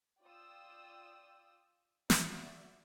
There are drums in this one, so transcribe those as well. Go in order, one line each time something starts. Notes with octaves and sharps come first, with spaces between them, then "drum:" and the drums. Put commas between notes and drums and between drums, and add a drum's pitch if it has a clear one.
F4 D5 G5 D#6 E6
F#4 D5 E5, drum: snare